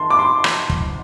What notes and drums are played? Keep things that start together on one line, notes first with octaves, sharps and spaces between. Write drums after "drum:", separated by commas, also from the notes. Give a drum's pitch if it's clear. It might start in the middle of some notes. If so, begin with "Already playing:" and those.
Already playing: D#3 A5 C6
D6
C6
drum: rim click
drum: kick